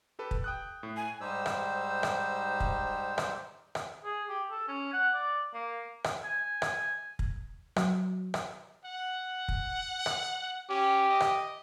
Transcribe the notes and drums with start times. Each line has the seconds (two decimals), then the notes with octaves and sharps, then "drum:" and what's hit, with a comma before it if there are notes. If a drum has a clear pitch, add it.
0.19 G4 A4 B4
0.31 drum: kick
0.44 G5 D#6 F#6
0.83 A2
0.97 G#5
1.20 G#2 G3 D#4 G4 C5 E6
1.46 drum: rim click
2.03 drum: rim click
2.60 drum: kick
3.18 drum: rim click
3.75 drum: rim click
4.04 G#4
4.29 G4
4.51 A4
4.68 C#4
4.93 F#5
5.14 D5
5.54 A#3
6.04 drum: rim click
6.24 G#5
6.62 drum: rim click
7.19 drum: kick
7.76 F#3, drum: rim click
8.34 drum: rim click
8.85 F#5
9.48 drum: kick
10.06 drum: rim click
10.70 C#4 G4
11.09 D#5
11.21 drum: rim click